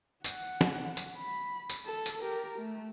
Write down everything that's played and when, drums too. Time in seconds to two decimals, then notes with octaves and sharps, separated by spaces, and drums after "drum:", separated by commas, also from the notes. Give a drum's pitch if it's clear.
0.24 F#5, drum: tambourine
0.61 drum: snare
0.97 drum: tambourine
1.17 B5
1.70 drum: tambourine
1.86 A4
2.06 drum: tambourine
2.22 G4 A#4
2.58 A3